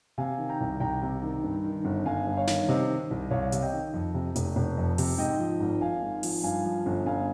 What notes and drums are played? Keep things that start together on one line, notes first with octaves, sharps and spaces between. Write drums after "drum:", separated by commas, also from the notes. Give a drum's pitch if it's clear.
C3 F5 G#5
D#3
G5 A#5
C2
C2 G5 A#5
C3
D#3
G2
D#3
G1
G1 F5 G#5
G2
C#5 F5
D#3, drum: snare
C3 C5 D#5
D#3
C2
C2 C#5 F5
C3, drum: hi-hat
D#5 G5
D#3
F2
C3
F1, drum: hi-hat
F1
F2
C3, drum: open hi-hat
G#2 D#5 G5
F3
G#1
G#1 F5 G#5
G#2
F3, drum: open hi-hat
G2 F5 G#5
F3
G1
G1 F5 G#5